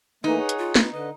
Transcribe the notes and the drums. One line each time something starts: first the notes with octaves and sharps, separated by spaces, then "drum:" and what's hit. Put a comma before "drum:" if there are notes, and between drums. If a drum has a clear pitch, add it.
E3 A3 A#3 D#4 B4
G#4 C#5 F#5
drum: hi-hat
F4
B3 F4, drum: snare
D3 B4 D#5